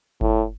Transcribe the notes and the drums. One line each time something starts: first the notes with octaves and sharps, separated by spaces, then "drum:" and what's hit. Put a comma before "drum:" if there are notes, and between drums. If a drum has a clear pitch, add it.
A2, drum: kick F#1